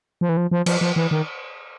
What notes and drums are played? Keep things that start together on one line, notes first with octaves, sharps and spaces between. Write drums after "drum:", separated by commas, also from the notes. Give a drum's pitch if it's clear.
F3
E3
F3
F3
F3, drum: cymbal
F3
E3
D#3